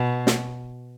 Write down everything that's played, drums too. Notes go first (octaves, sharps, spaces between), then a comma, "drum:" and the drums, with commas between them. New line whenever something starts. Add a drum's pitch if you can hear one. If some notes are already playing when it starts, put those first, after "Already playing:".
Already playing: B2
drum: snare